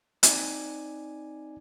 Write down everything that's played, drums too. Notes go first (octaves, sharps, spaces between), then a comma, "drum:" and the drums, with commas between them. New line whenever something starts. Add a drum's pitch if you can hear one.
C4 D#4 D5 G#5 D6, drum: hi-hat